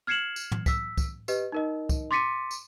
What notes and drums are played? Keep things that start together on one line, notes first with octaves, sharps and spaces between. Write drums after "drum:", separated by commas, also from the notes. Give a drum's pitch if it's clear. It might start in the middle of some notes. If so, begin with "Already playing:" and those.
F6 G#6 C7 C#7 E7 F#7
drum: tambourine
drum: tom
E6 B6, drum: kick, tambourine
drum: kick, tambourine
G4 B4 D#5, drum: tambourine
D#4 A#4 D#5
drum: kick, tambourine
C6 D6 A6 B6 C#7 D#7
drum: tambourine